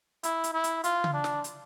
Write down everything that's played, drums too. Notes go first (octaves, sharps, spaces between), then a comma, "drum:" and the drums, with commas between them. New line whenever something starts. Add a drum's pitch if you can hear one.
E4, drum: hi-hat
drum: hi-hat
E4
drum: hi-hat
F4, drum: hi-hat
drum: tom C#3
D4
drum: snare
drum: hi-hat